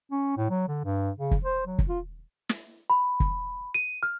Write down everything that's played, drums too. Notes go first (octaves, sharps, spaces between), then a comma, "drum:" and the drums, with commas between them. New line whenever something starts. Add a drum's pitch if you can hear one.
C#4
A2
F#3
D3
G2
C#3
drum: kick
C5
F#3
drum: kick
F4
drum: snare
B5
drum: kick
D#7
F6